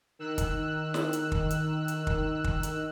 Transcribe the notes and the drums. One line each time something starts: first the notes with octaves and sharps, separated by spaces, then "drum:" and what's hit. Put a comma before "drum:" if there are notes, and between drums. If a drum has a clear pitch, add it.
D#3 E6 F#6
drum: kick, hi-hat
drum: snare
drum: hi-hat
drum: kick
drum: hi-hat
drum: hi-hat
drum: kick
drum: kick
drum: hi-hat